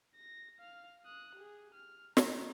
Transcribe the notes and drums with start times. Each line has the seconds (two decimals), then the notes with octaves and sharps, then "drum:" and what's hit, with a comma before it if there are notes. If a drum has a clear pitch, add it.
0.16 A#6
0.59 F5 F6
1.06 D#6 F#6
1.35 G4 G#4
1.74 F6
2.17 A#5, drum: snare